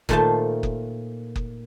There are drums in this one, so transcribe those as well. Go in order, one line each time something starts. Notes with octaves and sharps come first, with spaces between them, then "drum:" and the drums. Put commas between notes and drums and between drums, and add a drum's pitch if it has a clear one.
A#2 D#3 A3 F4 C5 A5, drum: kick F#1
drum: kick F#1
drum: kick F#1